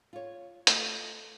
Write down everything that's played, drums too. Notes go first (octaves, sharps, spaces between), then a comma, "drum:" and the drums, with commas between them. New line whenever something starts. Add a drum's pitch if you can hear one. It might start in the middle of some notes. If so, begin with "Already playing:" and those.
F4 C#5
A3 F4 D#5, drum: hi-hat